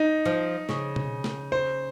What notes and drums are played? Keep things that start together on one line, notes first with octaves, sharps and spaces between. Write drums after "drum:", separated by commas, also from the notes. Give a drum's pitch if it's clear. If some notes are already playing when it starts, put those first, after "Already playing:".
Already playing: D#4
F3
C#3, drum: snare
drum: tom B2
drum: snare
C5